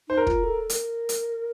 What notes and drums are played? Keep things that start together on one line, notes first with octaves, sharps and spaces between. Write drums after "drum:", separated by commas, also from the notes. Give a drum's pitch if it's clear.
D#4 C5
A#4
F4, drum: kick
A4
A#4, drum: hi-hat
drum: hi-hat